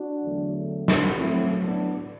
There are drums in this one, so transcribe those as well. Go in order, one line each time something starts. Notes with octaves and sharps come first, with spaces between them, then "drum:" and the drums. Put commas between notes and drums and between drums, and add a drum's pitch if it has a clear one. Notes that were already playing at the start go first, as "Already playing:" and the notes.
Already playing: D4 F#4
E2 D3 F#3 A3
drum: snare
A2 F#3 A3 C4 E4
B3 D4